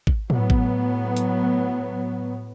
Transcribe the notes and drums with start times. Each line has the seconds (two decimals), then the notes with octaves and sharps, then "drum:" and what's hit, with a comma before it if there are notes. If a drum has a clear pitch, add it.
0.07 drum: kick G#1
0.30 A2 F#3 B3, drum: tom A2
0.50 drum: kick G#1
1.16 drum: hi-hat